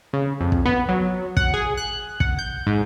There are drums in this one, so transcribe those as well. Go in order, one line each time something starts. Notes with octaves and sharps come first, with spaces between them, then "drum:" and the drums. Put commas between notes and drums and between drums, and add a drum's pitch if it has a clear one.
C#3
F2
drum: kick
B3
F#3
F#5, drum: kick
G#4
F#6
F#5, drum: kick
G6
G#2